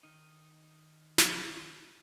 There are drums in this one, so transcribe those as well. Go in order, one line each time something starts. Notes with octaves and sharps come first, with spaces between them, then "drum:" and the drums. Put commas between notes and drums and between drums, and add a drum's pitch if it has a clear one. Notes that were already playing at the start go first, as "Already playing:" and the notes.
D#3 D#4
drum: snare